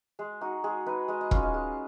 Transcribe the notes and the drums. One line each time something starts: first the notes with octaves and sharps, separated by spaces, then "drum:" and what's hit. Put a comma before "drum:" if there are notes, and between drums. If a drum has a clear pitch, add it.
G#3 G#4
D#4 F#4
G#3 G#4
D#4 B4
G#3 D#5
D#5
C#4 F4 F5, drum: kick E1
D#5
G#3